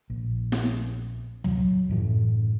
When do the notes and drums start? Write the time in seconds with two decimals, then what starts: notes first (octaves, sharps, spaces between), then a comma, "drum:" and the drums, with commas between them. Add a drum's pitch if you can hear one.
0.10 A#1
0.52 drum: snare
1.44 F#3, drum: tom D2
1.89 F#2 A2 E3